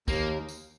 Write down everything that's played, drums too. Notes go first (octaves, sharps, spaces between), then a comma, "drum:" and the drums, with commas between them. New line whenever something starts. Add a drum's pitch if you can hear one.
D#2 A#3, drum: kick, tambourine
drum: tambourine